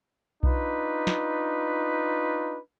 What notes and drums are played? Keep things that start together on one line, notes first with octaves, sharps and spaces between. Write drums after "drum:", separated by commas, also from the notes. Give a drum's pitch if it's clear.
D4 D#4 F4 B4, drum: kick B1
drum: snare